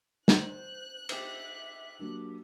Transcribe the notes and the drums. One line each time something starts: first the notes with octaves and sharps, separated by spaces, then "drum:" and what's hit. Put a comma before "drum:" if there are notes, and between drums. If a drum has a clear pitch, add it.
C5 F#6, drum: snare
G4 C5 E5, drum: cymbal
F#3 A#3 D4 G4